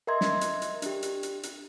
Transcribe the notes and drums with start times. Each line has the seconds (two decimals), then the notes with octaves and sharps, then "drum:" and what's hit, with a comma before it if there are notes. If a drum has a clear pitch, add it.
0.07 A#4 D#5 E5 A#5 C6 G#6
0.21 drum: snare
0.41 drum: hi-hat
0.62 drum: hi-hat
0.82 D4 G4, drum: hi-hat
1.03 drum: hi-hat
1.23 drum: hi-hat
1.43 drum: hi-hat